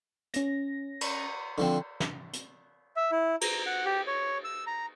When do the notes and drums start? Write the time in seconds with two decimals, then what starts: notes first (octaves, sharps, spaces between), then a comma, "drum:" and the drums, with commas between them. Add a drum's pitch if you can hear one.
0.34 C#4 A#6, drum: hi-hat
1.01 drum: cymbal
1.58 D3 F3 C4
2.00 drum: snare
2.33 drum: hi-hat
2.96 E5
3.12 E4
3.41 A#5, drum: cymbal
3.66 F#5
3.86 G4
4.07 C#5
4.44 E6
4.67 A#5